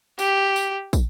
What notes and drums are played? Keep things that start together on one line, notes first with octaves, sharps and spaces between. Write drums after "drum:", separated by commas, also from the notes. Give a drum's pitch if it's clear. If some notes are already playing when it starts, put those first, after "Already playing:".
G4, drum: tambourine
drum: tambourine
drum: kick, tambourine